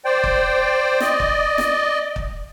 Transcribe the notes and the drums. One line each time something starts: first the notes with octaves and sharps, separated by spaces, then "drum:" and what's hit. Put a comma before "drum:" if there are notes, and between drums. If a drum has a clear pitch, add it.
C5 D5 G5
drum: kick
D5 D#5, drum: snare
drum: kick
drum: snare
drum: kick